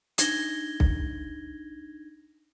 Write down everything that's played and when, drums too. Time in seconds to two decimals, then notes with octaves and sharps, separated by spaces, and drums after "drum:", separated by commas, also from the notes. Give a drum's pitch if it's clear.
0.18 D4 D#4 G#6 A#6 G7, drum: hi-hat
0.80 drum: kick B1